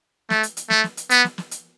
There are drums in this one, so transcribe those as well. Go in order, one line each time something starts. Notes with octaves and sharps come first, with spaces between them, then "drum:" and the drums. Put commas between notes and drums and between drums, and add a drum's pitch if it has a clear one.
A3, drum: snare
drum: hi-hat
drum: hi-hat
A3, drum: snare
drum: snare
drum: hi-hat
B3, drum: hi-hat
drum: snare
drum: snare
drum: hi-hat